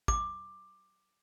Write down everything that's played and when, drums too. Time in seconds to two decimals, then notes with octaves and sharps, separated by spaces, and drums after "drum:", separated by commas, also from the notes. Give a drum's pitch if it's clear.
0.08 D6, drum: kick